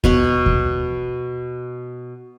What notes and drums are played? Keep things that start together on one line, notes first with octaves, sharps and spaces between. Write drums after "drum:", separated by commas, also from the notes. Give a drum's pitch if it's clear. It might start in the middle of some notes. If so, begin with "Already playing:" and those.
B2 C#5 F#5, drum: kick D#2
drum: kick D#2